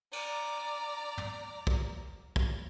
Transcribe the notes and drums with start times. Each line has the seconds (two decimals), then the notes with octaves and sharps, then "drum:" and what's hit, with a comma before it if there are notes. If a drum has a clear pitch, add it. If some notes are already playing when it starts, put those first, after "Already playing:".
0.13 D5 A#5, drum: cymbal
1.17 drum: tom
1.67 drum: kick
2.36 drum: kick